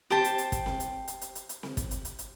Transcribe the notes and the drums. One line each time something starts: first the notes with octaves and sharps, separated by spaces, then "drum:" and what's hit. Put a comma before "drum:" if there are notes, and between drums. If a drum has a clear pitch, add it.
G4 C5 G5 A5, drum: snare C4
drum: hi-hat
drum: hi-hat
drum: kick, hi-hat
drum: snare C4
drum: hi-hat
drum: hi-hat
drum: hi-hat
drum: hi-hat
drum: hi-hat
drum: snare C4
drum: kick, hi-hat
drum: hi-hat
drum: hi-hat
drum: hi-hat